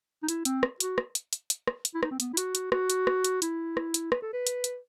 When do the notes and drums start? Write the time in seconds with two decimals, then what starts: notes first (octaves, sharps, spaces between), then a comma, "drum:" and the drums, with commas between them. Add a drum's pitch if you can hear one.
0.23 D#4
0.28 E4, drum: hi-hat
0.45 C4, drum: hi-hat
0.63 drum: rim click
0.80 F#4, drum: hi-hat
0.98 drum: rim click
1.15 drum: hi-hat
1.33 drum: hi-hat
1.50 drum: hi-hat
1.68 drum: rim click
1.85 drum: hi-hat
1.94 E4
2.03 D#4, drum: rim click
2.11 C4
2.20 B3, drum: hi-hat
2.33 E4
2.37 F#4, drum: hi-hat
2.55 drum: hi-hat
2.72 F#4, drum: rim click
2.90 drum: hi-hat
3.07 drum: rim click
3.24 drum: hi-hat
3.42 E4, drum: hi-hat
3.77 drum: rim click
3.94 drum: hi-hat
4.12 B4, drum: rim click
4.22 A4
4.33 B4
4.47 drum: hi-hat
4.64 drum: hi-hat